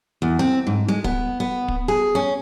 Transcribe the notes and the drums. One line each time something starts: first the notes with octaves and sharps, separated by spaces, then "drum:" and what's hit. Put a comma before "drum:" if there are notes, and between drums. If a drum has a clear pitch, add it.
E2
C4
G#2
G#3
B3, drum: kick
B3
drum: kick
G#4
C#4